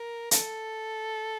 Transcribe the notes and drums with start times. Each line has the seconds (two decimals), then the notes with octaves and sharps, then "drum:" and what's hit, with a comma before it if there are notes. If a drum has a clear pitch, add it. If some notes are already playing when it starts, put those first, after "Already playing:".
Already playing: A#4
0.31 A4, drum: hi-hat